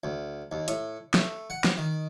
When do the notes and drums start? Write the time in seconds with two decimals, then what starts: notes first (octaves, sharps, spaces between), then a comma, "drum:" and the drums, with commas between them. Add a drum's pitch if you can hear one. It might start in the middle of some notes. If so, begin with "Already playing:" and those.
0.04 D2
0.52 D#2
0.68 A2, drum: hi-hat
1.14 A3, drum: snare
1.50 F#5
1.64 drum: snare
1.78 D#3